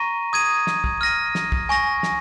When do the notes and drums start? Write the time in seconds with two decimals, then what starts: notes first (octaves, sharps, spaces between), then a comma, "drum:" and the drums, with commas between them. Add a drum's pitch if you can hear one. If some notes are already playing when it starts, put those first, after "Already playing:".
Already playing: A#5 C#6 A#6 D#7
0.33 D#6 G#6 D#7
0.67 drum: snare
0.84 drum: kick
1.01 F6 A#6 D#7
1.35 drum: snare
1.52 drum: kick
1.69 G#5 C#6 A#6
2.03 drum: snare